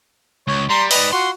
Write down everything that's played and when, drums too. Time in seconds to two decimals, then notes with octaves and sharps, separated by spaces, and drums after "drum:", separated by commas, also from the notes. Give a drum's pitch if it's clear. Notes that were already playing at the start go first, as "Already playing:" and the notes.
0.47 C#2 C#5
0.70 G3 A#5 C6
0.91 G#2 B4 D5 D#5, drum: open hi-hat
1.13 F4 F#4 C6